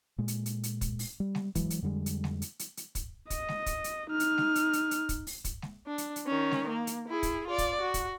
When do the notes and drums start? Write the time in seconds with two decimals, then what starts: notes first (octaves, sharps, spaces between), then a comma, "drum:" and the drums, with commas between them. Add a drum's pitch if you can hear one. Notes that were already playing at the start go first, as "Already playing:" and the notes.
0.18 A#2 G#3
0.28 drum: hi-hat
0.46 drum: hi-hat
0.63 drum: hi-hat
0.81 drum: kick, hi-hat
0.99 drum: open hi-hat
1.20 G3
1.35 drum: snare G#3
1.55 E3 F#3 G#3, drum: kick, hi-hat
1.70 drum: hi-hat
1.82 F2 D3 G3 G#3
2.06 drum: hi-hat
2.24 drum: snare G#3
2.42 drum: hi-hat
2.59 drum: hi-hat
2.77 drum: hi-hat
2.95 drum: kick, hi-hat
3.30 D#5, drum: kick, hi-hat
3.49 drum: snare G#3
3.66 drum: kick, hi-hat
3.84 drum: hi-hat
4.10 D#4 F6
4.20 drum: hi-hat
4.38 drum: snare G#3
4.55 drum: hi-hat
4.73 drum: hi-hat
4.91 drum: hi-hat
5.09 drum: kick, hi-hat
5.27 drum: open hi-hat
5.44 drum: kick, hi-hat
5.62 drum: snare G#3
5.86 D4
5.98 drum: hi-hat
6.16 drum: hi-hat
6.27 D#3 C#4
6.51 drum: snare G#3
6.69 A#3
6.87 drum: hi-hat
7.08 E4 G#4
7.23 drum: kick, hi-hat
7.48 F4 D5
7.58 drum: kick, hi-hat
7.81 F#4
7.94 drum: kick, hi-hat